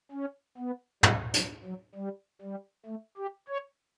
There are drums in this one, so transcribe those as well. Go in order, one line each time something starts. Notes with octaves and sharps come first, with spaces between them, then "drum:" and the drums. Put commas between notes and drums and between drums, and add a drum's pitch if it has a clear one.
C#4
B3
G3, drum: tom
F#3, drum: hi-hat
F#3
G3
G3
A3
G4
C#5